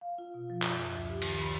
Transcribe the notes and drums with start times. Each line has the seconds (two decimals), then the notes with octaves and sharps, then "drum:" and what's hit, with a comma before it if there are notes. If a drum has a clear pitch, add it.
0.01 F5
0.18 F4
0.34 B2
0.50 F3
0.62 F#2, drum: clap
0.76 E5
0.93 D2
1.09 G4
1.22 D#3, drum: cymbal
1.40 B5